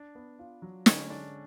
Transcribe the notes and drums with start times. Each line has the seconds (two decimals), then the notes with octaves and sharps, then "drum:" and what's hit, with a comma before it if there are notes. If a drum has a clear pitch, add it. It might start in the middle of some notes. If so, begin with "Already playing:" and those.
Already playing: D4
0.15 B3
0.39 F4
0.62 F#3
0.86 D3 C#4, drum: snare
1.09 G#3 D4